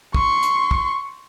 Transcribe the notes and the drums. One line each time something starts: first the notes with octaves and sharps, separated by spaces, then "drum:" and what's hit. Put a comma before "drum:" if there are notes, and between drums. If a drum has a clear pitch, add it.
C6 C#6, drum: kick
drum: hi-hat
drum: kick